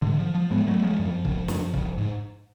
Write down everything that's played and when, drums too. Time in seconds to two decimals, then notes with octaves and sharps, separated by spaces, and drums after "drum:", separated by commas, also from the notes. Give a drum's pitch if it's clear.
0.02 G#2 D3
0.19 F3
0.35 F3
0.51 G#2 G#3 B3
0.67 F#3 A3
0.83 F3 G#3
0.99 F#2 F3
1.25 C#3, drum: kick
1.48 F#2, drum: snare
1.74 C#3, drum: kick
1.97 G#2